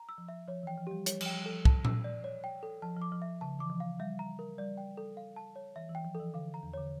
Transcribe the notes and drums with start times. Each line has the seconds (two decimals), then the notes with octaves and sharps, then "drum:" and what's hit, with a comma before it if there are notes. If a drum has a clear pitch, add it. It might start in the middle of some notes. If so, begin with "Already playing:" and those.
Already playing: A#5
0.09 E6
0.18 F3
0.28 E5
0.48 F3 C#5
0.63 E3
0.67 G5
0.77 F3
0.87 G3 G4
1.06 G3 C#5, drum: hi-hat
1.21 F3, drum: cymbal
1.26 G5
1.36 G3
1.46 F3 A4
1.65 A5, drum: kick
1.85 E6, drum: tom A#2
2.04 D5
2.24 C#5
2.44 G5
2.63 A4
2.82 F3 A5
2.96 F3
3.02 D6
3.12 F3
3.22 E5
3.41 C#3 A5
3.59 E3 D6
3.70 F3
3.80 F5
4.00 G3 E5
4.19 A#5
4.39 A#4
4.58 G3 D5
4.77 G5
4.97 A4
5.17 F5
5.36 A5
5.56 C#5
5.76 E3 E5
5.90 E3
5.95 G5
6.05 F3
6.15 E3 A4
6.34 D3 F5
6.54 A#5
6.63 E2
6.74 D3 C#5